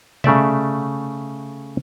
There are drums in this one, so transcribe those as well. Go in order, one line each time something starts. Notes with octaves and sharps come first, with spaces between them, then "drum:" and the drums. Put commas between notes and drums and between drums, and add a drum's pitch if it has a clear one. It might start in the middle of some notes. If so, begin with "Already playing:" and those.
C#3 A3 D5 E5, drum: tom C3